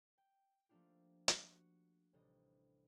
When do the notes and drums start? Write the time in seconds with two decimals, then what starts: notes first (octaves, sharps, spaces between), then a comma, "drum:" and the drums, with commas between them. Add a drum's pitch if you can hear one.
0.18 G5
0.69 F3 A3 A#3 D4 F4 G4
1.28 drum: hi-hat
1.53 F#4
2.13 A1 C3 G3 D4 D#5